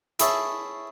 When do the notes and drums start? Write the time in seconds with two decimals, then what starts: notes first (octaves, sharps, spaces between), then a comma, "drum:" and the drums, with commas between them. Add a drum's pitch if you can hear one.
0.20 E4 G#4 C#5 E5 A5, drum: hi-hat